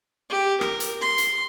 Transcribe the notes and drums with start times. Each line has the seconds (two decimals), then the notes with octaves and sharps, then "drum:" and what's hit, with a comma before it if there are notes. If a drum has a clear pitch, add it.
0.29 G4
0.61 A#4, drum: rim click
0.80 drum: hi-hat
1.01 C6
1.18 drum: hi-hat